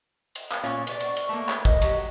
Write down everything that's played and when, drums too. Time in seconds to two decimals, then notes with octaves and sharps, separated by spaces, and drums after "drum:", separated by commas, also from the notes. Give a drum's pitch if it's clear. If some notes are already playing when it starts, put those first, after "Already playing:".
0.35 drum: cymbal
0.52 drum: clap
0.63 A#2 C#4 F4 C#6
0.87 B4 C#5 D5, drum: cymbal
1.00 drum: cymbal
1.16 drum: cymbal
1.29 A3 A#3
1.49 drum: clap
1.65 D#5, drum: kick
1.82 F#3 G4, drum: cymbal